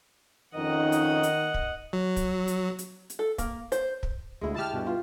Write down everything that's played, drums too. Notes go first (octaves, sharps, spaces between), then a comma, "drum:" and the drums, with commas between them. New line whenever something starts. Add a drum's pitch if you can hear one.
F2 D#3 C#4 D#4 D#5 F#5
drum: hi-hat
drum: hi-hat
drum: kick
F#3
drum: kick, hi-hat
drum: hi-hat
drum: hi-hat
drum: hi-hat
A4
A#3, drum: kick, hi-hat
C5, drum: hi-hat
drum: kick
D2 G#3 E4
E4 G4 A5 F6
G2 B2
F4